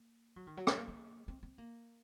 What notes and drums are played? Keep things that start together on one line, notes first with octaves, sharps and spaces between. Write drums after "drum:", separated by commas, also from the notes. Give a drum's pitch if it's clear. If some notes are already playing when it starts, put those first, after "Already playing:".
Already playing: A#3
F#3
D#3
F#3
A3, drum: rim click
A#3
A#3
C4
C4
A#3